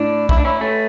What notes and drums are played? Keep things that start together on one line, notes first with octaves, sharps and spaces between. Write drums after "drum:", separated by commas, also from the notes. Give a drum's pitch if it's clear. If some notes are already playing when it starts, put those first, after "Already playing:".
Already playing: A2 D4
E4, drum: kick
D4
C#4 E4
A3 C#4